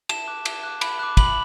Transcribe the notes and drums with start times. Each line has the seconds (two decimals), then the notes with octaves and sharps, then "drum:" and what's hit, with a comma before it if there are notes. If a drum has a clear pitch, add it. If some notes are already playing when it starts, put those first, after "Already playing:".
0.09 A5 E7, drum: cymbal
0.28 D6 F#6
0.45 A5, drum: cymbal
0.63 D6 F#6
0.81 B5, drum: cymbal
0.99 D6 F#6
1.17 B5 F#7, drum: kick, cymbal